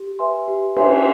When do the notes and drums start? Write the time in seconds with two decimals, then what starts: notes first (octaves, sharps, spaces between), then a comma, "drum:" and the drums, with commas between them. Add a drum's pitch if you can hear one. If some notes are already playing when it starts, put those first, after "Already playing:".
Already playing: G4
0.19 B4 E5 G#5 C6
0.48 G4
0.76 B4 E5 G#5 C6, drum: cymbal